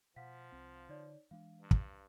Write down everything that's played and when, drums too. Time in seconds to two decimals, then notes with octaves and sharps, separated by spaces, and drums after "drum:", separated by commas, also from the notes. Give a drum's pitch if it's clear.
0.16 B2 F3 F5 F#5 B6
0.52 C2 C4
0.89 D3 D#4 C#5 D5
1.31 E3 G#3 D4 F5
1.61 G2
1.71 drum: kick